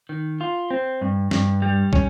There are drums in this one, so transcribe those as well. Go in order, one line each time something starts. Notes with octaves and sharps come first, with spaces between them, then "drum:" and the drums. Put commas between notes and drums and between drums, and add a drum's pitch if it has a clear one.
D#3
F4
C4
G2
G2, drum: snare
G3
C#4, drum: kick